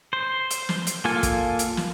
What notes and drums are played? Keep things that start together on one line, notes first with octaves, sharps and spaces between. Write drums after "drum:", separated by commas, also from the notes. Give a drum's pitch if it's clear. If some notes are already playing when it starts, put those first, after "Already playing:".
C5
drum: hi-hat
drum: snare
drum: hi-hat
A#3 F4 A4 G#5
drum: kick, hi-hat
drum: hi-hat
drum: snare